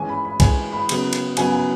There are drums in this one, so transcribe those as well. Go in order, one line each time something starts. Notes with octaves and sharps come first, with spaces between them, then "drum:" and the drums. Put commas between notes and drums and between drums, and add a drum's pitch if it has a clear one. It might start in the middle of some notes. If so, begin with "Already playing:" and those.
Already playing: E3 G#3 C#4 G#5
B5
B5
E3 G#3 C#4 G#5, drum: kick B1, cymbal
B5
C#3 F#3 B3, drum: cymbal
drum: cymbal
C#3 F#3 B3 G#5, drum: cymbal
G#5